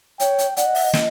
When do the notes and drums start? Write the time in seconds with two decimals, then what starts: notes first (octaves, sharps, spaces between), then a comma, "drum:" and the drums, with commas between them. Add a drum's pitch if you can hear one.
0.20 C#5 G5, drum: hi-hat
0.38 drum: hi-hat
0.57 D5 F#5, drum: hi-hat
0.66 D#5
0.75 E5, drum: open hi-hat
0.84 D#5
0.93 drum: snare